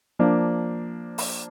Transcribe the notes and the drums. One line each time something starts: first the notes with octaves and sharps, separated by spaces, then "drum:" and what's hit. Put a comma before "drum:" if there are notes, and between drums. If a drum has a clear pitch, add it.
F3 A#3 D4
drum: open hi-hat